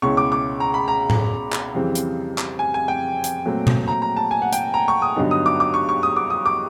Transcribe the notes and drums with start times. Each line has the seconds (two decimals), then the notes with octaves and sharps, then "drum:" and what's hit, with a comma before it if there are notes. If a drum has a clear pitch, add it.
0.02 C#2 B2 G#3 C#4 E4 C#6
0.17 D6
0.32 D6
0.60 A#5
0.74 B5
0.88 A#5
1.10 drum: tom A2
1.53 drum: clap
1.75 F2 C#3 E3 G3 C4
1.95 drum: hi-hat
2.38 drum: clap
2.59 G#5
2.74 G#5
2.88 G5
3.24 drum: hi-hat
3.46 A#2 F#3 A3 C4
3.67 drum: tom B2
3.88 A#5
4.02 A#5
4.17 A5
4.31 G#5
4.42 F#5
4.53 G5, drum: hi-hat
4.74 A#5
4.88 C#6
5.02 D#6
5.16 G2 D3 F#3 B3 D#4
5.31 D#6
5.46 D6
5.60 D6
5.74 C#6
5.89 C#6
6.03 D#6
6.16 D6
6.30 D#6
6.46 D6